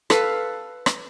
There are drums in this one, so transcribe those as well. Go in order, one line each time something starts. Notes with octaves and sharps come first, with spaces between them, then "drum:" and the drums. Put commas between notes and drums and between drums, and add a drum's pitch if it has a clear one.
A4 B4 F5, drum: rim click
drum: rim click